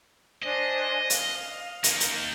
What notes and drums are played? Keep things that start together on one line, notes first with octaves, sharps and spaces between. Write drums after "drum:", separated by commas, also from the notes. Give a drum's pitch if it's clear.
D4 C5 D#5 G#5
F5, drum: hi-hat
A#3 D#4, drum: hi-hat
drum: hi-hat